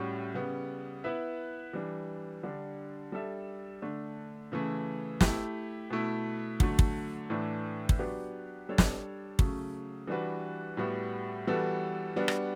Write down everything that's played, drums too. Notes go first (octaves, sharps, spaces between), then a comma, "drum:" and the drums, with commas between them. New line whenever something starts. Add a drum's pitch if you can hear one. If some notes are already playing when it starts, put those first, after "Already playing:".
Already playing: A2 G3 C#4 F#4
C#3 G3 B3
B3 E4 B4 E5
E3 G3 D4
D3 G3 D4
G3 D4 A4 E5
D3 A3 D4
C#3 E3 A3
A3 E4 G4, drum: snare
B2 A3 E4
D3 F#3 A3, drum: kick
drum: kick
A2 E3 A3 D4
drum: kick
F#3 B3 D4 G4 B4
G3 D4 A4 C#5
drum: snare
C#3 F#3 A3, drum: kick
E3 G3 D4 F#4 B4
A2 G3 B3 F#4
E3 G3 B3 F#4 A4
G3 B3 D4 F#4
drum: rim click